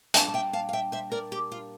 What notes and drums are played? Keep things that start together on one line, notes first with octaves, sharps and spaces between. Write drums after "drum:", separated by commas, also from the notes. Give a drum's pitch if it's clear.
A#2 G3 D4 F5 A5, drum: hi-hat
A5
E5 G5
F5 A5
F5
E5 G5
C5 E5
A#4 D5
G4
F4